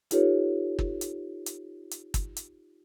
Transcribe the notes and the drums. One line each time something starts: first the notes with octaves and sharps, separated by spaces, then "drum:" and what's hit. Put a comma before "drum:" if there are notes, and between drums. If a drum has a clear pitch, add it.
D#4 F4 G4 A4 B4 C#5, drum: hi-hat
drum: kick
drum: hi-hat
drum: hi-hat
drum: hi-hat
drum: kick, hi-hat
drum: hi-hat